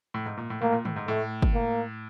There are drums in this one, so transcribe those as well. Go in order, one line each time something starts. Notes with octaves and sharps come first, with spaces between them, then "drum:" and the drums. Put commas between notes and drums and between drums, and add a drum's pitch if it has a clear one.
A2
G#2
A#2
A2
A2 A#3
A#2
A2, drum: tom D3
G#2
A2 A3
drum: kick
A#3